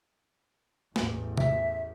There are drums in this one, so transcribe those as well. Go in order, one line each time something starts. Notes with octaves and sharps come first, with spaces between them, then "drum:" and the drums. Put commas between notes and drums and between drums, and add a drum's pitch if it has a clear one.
A1 E2, drum: snare
E5, drum: tom C3